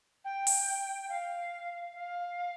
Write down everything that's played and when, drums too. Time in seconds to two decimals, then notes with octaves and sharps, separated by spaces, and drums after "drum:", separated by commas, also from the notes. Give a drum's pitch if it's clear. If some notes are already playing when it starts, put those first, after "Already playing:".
0.25 G5
0.47 drum: open hi-hat
1.09 F5
1.95 F5